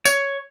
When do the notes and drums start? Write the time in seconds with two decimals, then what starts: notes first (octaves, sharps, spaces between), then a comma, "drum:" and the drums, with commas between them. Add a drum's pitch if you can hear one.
0.05 C#5, drum: tambourine